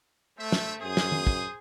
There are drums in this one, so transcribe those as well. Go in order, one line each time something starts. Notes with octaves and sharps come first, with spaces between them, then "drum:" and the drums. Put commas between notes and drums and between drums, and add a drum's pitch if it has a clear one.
A3 C5 E5
drum: snare
F#2 G#4 C5 D#6
drum: snare
drum: tom
drum: kick